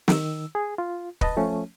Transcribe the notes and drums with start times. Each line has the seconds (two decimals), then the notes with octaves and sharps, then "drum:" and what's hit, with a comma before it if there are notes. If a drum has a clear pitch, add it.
0.08 D#3 E6, drum: snare
0.55 G#4
0.78 F4
1.21 B4 D#5 A5, drum: kick
1.37 F3 A3 C#4